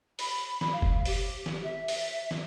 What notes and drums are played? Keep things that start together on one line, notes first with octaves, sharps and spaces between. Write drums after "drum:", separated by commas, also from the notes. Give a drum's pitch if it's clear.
B5, drum: open hi-hat
drum: snare
F5
drum: kick F#1
G4, drum: open hi-hat
drum: snare
E5
drum: open hi-hat
drum: snare